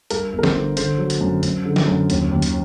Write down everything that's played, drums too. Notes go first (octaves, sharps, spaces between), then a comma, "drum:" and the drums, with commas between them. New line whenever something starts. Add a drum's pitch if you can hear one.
G2 A#4, drum: hi-hat
G1
A#4
C5, drum: snare
D3
D3 C5, drum: hi-hat
F#3
drum: hi-hat
F#2
F#2, drum: hi-hat
D3
drum: snare
F#2
D#2, drum: hi-hat
D#2
drum: hi-hat